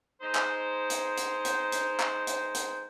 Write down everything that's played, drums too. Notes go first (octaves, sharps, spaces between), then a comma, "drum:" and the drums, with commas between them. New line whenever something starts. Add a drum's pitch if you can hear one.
G#3 D#4 C5
drum: clap
drum: hi-hat
drum: hi-hat
drum: hi-hat
drum: hi-hat
drum: clap
drum: hi-hat
drum: hi-hat